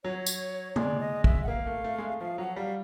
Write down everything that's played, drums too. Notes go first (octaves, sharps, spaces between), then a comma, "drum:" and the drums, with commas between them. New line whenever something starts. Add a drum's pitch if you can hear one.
F#3 C#5
drum: tambourine
G#3 D5, drum: tom
D#5
E5, drum: kick
F#5
A#3 F5
A3
A3
G#3
A3
F3 F5
F#3 F#5
G3 F5